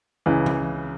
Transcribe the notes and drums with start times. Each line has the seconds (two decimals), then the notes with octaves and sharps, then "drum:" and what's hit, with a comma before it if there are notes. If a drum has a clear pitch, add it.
0.26 C#2 C#3 E3
0.46 drum: tom E3